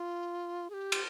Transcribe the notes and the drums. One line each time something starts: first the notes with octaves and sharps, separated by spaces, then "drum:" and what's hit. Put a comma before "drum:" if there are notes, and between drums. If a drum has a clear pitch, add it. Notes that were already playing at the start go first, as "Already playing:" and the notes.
Already playing: F4
G#4
G4
drum: cymbal